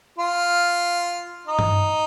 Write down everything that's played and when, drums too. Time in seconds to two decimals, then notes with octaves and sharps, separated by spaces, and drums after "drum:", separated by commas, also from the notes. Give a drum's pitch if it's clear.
0.18 F4
1.47 D#4
1.59 drum: tom G2